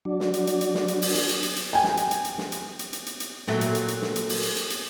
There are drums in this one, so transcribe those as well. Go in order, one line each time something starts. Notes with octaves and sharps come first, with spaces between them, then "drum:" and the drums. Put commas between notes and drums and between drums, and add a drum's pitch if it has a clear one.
F#3 D4
drum: snare
drum: hi-hat
drum: hi-hat
drum: hi-hat
drum: snare
drum: hi-hat
drum: open hi-hat
drum: hi-hat
drum: hi-hat
drum: hi-hat
drum: hi-hat
G5 G#5
drum: snare
drum: hi-hat
drum: hi-hat
drum: hi-hat
drum: snare
drum: hi-hat
drum: hi-hat
drum: hi-hat
drum: hi-hat
drum: hi-hat
A#2 F#3 A3, drum: snare
drum: hi-hat
drum: hi-hat
drum: hi-hat
drum: snare
drum: hi-hat
drum: open hi-hat
drum: hi-hat
drum: hi-hat
drum: hi-hat